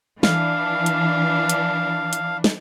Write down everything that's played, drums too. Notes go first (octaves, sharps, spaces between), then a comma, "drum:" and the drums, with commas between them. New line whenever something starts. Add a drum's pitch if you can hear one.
E3 D4 F5, drum: snare
drum: hi-hat
drum: hi-hat
drum: hi-hat
drum: snare